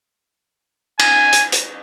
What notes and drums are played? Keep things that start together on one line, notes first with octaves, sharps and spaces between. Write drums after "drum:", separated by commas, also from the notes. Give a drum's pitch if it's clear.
G#5, drum: cymbal
drum: hi-hat
drum: hi-hat